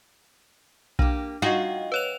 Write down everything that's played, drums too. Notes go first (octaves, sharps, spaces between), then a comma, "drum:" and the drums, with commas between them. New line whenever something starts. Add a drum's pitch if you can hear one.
A#3 D4 G4, drum: kick B1
D#4 F4 F#4 D#5 F5 G5
B4 C#5 F7